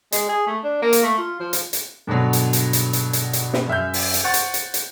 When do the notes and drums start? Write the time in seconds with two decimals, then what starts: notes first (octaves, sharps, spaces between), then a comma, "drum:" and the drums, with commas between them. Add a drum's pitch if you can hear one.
0.12 G#3, drum: hi-hat
0.29 G#4
0.47 A3
0.64 D4
0.82 A#3
0.93 drum: hi-hat
1.03 A3
1.18 F4
1.40 F3
1.53 drum: hi-hat
1.73 drum: hi-hat
2.07 G2 B2 D3 F#3
2.33 drum: hi-hat
2.53 drum: hi-hat
2.73 drum: hi-hat
2.93 drum: hi-hat
3.13 drum: hi-hat
3.33 drum: hi-hat
3.53 drum: snare
3.68 F#2 E5 F6 G6
3.94 drum: open hi-hat
4.14 drum: hi-hat
4.24 C5 F#5 C#6 A6
4.34 drum: hi-hat
4.54 drum: hi-hat
4.74 drum: hi-hat